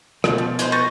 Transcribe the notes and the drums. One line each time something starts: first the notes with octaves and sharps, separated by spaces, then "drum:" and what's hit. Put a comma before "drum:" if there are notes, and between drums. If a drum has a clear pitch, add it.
B2 F3, drum: rim click
G3
G#3 B4 C5, drum: hi-hat
B4 C#6 G6 A6 A#6